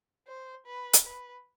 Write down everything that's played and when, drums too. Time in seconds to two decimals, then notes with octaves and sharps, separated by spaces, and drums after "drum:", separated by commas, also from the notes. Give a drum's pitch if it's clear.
0.27 C5
0.66 B4
0.93 drum: hi-hat
1.05 B4